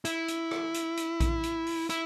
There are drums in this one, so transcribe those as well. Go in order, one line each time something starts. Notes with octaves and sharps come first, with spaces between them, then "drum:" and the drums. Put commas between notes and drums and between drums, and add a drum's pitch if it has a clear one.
E4, drum: hi-hat
drum: hi-hat
drum: rim click
drum: hi-hat
drum: hi-hat
drum: kick A#1, hi-hat
drum: hi-hat
drum: open hi-hat
E4, drum: hi-hat